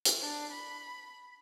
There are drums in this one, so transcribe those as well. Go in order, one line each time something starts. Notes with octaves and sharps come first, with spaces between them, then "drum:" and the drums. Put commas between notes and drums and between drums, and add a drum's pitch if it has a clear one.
drum: hi-hat
D4
B5